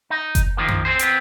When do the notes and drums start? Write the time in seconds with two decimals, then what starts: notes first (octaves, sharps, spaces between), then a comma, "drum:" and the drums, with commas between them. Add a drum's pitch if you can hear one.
0.10 D#4
0.35 drum: kick F#1, hi-hat
0.57 D#3 F3 A#3
0.68 drum: tom F2
0.85 C4 G#4 C5
0.99 B3 C4, drum: hi-hat